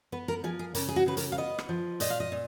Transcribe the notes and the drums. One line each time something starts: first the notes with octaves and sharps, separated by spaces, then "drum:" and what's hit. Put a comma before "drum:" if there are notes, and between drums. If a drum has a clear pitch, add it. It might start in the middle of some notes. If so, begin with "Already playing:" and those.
B3 B4
A#4
F3 G#4
G#4
C#3 A#4, drum: hi-hat
G#4
F#4
C#3 B4
A#4, drum: hi-hat
F5
B3 D#5
drum: rim click
F3
A#2 D#5, drum: hi-hat
F5
D#5
A#2